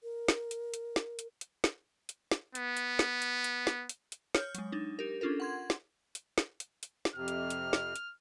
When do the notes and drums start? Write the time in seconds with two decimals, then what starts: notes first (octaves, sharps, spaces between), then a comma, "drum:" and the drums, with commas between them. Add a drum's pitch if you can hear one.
0.03 A#4
0.28 drum: snare
0.51 drum: hi-hat
0.74 drum: hi-hat
0.96 drum: snare
1.19 drum: hi-hat
1.41 drum: hi-hat
1.64 drum: snare
2.09 drum: hi-hat
2.32 drum: snare
2.55 B3, drum: hi-hat
2.77 drum: hi-hat
2.99 drum: snare
3.22 drum: hi-hat
3.44 drum: hi-hat
3.67 drum: snare
3.89 drum: hi-hat
4.12 drum: hi-hat
4.35 C#5 F6 G6, drum: snare
4.55 F#3 G#3, drum: hi-hat
4.72 D4 D#4
4.99 G4 A#4
5.21 C#4 D4 F4 A4 A#4
5.40 F#5 C6 G#6
5.70 drum: snare
6.15 drum: hi-hat
6.38 drum: snare
6.60 drum: hi-hat
6.83 drum: hi-hat
7.05 drum: snare
7.15 F2 C3 F6
7.28 drum: hi-hat
7.50 drum: hi-hat
7.73 drum: snare
7.96 drum: hi-hat